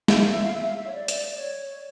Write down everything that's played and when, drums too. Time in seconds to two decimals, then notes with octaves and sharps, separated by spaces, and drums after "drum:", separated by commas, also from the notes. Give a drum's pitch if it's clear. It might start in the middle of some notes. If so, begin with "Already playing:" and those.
0.08 E5, drum: snare
0.20 F5
0.30 E5
0.42 F5
0.53 E5
0.64 F5
0.75 E5
0.86 C#5
0.93 D5
1.08 drum: hi-hat
1.25 D5
1.35 C#5